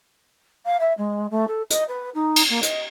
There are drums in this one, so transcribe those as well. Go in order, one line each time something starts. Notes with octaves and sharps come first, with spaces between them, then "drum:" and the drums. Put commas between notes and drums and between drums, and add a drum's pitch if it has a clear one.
F5
E5
G#3
A3
A4
D#5, drum: hi-hat
B4
D#4
drum: cymbal
A#3
D#5, drum: hi-hat